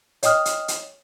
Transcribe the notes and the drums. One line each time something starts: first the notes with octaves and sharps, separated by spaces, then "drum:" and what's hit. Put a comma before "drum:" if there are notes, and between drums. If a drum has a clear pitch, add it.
C#5 D#5 G5 D#6 F6, drum: hi-hat
drum: hi-hat
drum: hi-hat